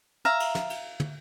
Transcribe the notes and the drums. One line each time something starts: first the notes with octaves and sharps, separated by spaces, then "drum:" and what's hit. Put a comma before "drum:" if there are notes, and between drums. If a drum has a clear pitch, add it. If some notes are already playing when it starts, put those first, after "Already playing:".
E5 F5 A#5
drum: cymbal
drum: snare
drum: cymbal
drum: tom